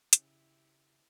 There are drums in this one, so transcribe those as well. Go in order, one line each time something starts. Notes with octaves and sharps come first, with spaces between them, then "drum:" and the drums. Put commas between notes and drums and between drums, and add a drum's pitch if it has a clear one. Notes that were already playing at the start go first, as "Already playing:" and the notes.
C#3 E4 G4, drum: hi-hat